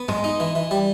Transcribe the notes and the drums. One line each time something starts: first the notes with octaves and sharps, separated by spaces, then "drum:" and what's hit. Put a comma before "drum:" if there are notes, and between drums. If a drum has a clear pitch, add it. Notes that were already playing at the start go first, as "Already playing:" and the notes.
Already playing: B3
G#3, drum: tom G2
D#4
E3
E3
G3